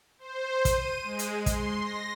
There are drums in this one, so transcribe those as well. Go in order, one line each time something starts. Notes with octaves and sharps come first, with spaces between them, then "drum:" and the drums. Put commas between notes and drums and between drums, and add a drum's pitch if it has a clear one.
C5
D#7, drum: kick, hi-hat
G#3
drum: hi-hat
C6, drum: kick, hi-hat
A#6